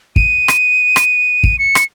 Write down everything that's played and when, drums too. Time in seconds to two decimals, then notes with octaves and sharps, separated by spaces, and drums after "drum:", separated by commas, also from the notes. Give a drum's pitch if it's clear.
0.16 D#7, drum: kick
0.48 drum: rim click
0.96 drum: rim click
1.44 drum: kick
1.59 C#7
1.75 drum: rim click